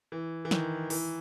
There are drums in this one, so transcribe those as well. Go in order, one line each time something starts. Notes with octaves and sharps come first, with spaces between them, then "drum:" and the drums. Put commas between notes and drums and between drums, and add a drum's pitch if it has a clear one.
E3
E3
D#3, drum: snare
E3, drum: open hi-hat